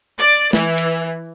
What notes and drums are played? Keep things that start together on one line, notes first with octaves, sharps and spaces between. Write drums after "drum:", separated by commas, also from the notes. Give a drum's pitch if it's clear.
D5
E3, drum: snare
drum: hi-hat